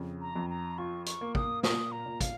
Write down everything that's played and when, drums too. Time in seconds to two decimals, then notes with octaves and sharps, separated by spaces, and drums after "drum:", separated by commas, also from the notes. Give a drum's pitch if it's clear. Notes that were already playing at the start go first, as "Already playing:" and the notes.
Already playing: F2 C#3
0.21 A#5
0.36 F2
0.50 A#5
0.78 F4 C#6
1.06 C#6, drum: hi-hat
1.21 A#3
1.35 D#6, drum: kick
1.63 A#2 D#6, drum: snare
1.92 A#5
2.06 A#2
2.21 F5, drum: kick, hi-hat